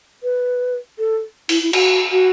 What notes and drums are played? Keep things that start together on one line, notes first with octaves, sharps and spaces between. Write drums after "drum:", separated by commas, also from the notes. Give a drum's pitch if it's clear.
B4
A4
E4, drum: open hi-hat
E4
F#4, drum: cymbal
F#4